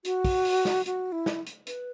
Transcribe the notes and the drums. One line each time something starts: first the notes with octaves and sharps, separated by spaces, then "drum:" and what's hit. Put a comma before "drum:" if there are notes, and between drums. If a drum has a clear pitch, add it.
F#4, drum: hi-hat
drum: kick, open hi-hat
drum: open hi-hat
drum: snare
F#4, drum: hi-hat
E4
drum: snare
drum: hi-hat
B4, drum: hi-hat